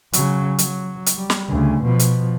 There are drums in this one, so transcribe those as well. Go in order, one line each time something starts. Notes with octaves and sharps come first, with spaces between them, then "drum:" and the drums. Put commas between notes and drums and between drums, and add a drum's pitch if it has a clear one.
C#3 F#3, drum: hi-hat
F#3, drum: hi-hat
drum: hi-hat
G3
drum: snare
D2 C#3
B2 F3
drum: hi-hat